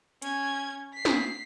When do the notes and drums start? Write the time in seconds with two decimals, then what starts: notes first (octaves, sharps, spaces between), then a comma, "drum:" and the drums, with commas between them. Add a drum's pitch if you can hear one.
0.22 C#4 G#6, drum: hi-hat
0.93 B6 C7
1.05 drum: snare